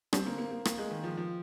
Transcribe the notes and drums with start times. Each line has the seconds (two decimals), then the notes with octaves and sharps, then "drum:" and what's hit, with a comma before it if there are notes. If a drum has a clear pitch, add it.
0.13 D3 G3 C4 D4, drum: rim click
0.26 A#3
0.38 A#3
0.51 A#3
0.65 A#3, drum: rim click
0.78 G#3
0.91 D#3
1.04 F3
1.17 F3